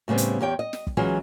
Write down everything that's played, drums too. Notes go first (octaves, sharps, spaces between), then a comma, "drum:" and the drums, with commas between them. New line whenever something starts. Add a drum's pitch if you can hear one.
A2 C#3 G3 B3 C4
drum: hi-hat
E2 G4 C#5 G5
D#5
drum: snare
drum: kick
E3 F#3 G#3 C#4 F4 G#4